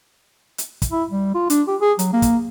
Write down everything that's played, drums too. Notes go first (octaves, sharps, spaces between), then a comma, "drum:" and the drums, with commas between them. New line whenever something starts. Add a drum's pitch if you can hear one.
drum: hi-hat
drum: kick, hi-hat
E4
G3
F4
D4, drum: hi-hat
G4
G#4
F#3, drum: hi-hat
A#3
drum: kick, hi-hat